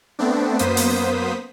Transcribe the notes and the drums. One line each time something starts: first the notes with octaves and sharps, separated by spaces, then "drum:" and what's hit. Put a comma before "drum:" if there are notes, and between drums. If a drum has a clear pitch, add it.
A3 B3 C4 D4
F#2 A#3 B3 C5 D#6 B6, drum: hi-hat
drum: open hi-hat